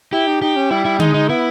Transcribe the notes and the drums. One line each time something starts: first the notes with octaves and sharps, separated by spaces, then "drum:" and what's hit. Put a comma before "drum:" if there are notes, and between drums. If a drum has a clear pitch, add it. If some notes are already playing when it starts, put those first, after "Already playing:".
E4 G4
D#4
D#4 G4
C#4
G3 E4
E4
G#3 D#4, drum: tom D3
D#4
B3 E4